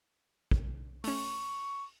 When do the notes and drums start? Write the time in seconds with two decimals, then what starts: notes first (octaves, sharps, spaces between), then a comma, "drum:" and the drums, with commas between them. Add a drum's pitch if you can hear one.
0.51 drum: kick
1.04 A3 C#4 C#6, drum: open hi-hat